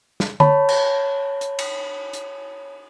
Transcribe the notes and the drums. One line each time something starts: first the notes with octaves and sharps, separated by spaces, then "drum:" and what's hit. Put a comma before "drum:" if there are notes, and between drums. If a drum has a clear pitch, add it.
drum: snare
C#5 A5 B5, drum: tom D3
drum: cymbal
drum: hi-hat
drum: cymbal
drum: hi-hat